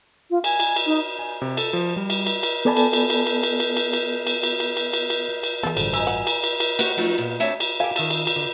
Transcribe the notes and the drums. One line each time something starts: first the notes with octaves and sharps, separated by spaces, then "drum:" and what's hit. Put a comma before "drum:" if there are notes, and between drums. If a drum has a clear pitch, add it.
F4
G#5, drum: cymbal
drum: cymbal
drum: cymbal
D#4
G#5
C3
A4, drum: cymbal
F3
G3
drum: cymbal
drum: cymbal
drum: cymbal
B3 A4 D5 G#5 A5 B5
drum: cymbal
drum: cymbal
drum: cymbal
drum: cymbal
drum: cymbal
drum: cymbal
drum: cymbal
drum: cymbal
drum: cymbal
drum: cymbal
drum: cymbal
drum: cymbal
drum: cymbal
drum: cymbal
drum: cymbal
E3 G#3 B3 A4
A1 G2 D3 C5, drum: cymbal
D#5 G#5 A#5 E6, drum: cymbal
F#5
drum: cymbal
drum: cymbal
drum: cymbal
F#4 G4 C5 C#5, drum: cymbal
F3 F#3 A3 B3 D4 D#4
A#2 B3
A3 C4 D4 C#5 E5 A5
drum: cymbal
G4 A4 F5 G#5
D#3 E5 A5, drum: cymbal
drum: cymbal
drum: cymbal
D3